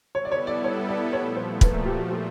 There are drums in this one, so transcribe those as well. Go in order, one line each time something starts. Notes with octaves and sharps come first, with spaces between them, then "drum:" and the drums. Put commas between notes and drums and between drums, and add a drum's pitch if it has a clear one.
G3 B3 E4 A4 C#5
D5
C#5
D5
C#5
D5
A#2 F3 A3 C#5
C5
B4, drum: kick
A#4
G4
F#4
G4